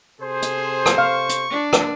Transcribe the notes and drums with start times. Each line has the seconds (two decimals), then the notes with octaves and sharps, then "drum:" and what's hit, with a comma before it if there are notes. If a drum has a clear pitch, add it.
0.21 C3 G#4 A4 C5
0.42 drum: hi-hat
0.86 drum: rim click
0.98 F5 C#6
1.29 drum: hi-hat
1.50 D4
1.73 drum: rim click